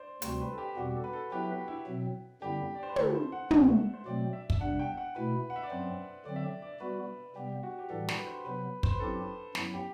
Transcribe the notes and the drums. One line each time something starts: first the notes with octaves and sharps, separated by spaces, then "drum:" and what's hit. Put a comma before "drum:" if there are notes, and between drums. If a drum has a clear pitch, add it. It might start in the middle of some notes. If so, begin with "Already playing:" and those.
Already playing: C5 D5
D2 C3 G3 C4 F#4 C5, drum: hi-hat
B4
A4
G4
E2 B2 G3 C4 F#4 G4
A4
B4
A4
F#3 B3 E4 G4 B4 E5
E4
B2 F#3 C4
F#2 D3 G3 B3 E4 G4
D5
C5
B4
D3 A3 E4 A4, drum: tom
C5
F#5
D2 C3 G3 B3 F#4 E5, drum: tom
C5
B2 F#3 A3 C4 D5
E5
E5, drum: kick
E2 C3 G3 D4 F#5
G5
F#5
B2 A3 E4 B4
F#5
E5
D5
F#2 F#3 C4 C5
D3 F#3 C4 D5
E5
D5
D5
G3 B3 F#4 B4
C3 G3 B3 G4
F#4
G4
A2 E3 G3 A4
B4, drum: snare
C5
C3 F#3 B3 B4
C5, drum: kick
B4
F#2 F#3 C4 E4 G4 A4
F#2 F#3 B3 E4, drum: snare
G4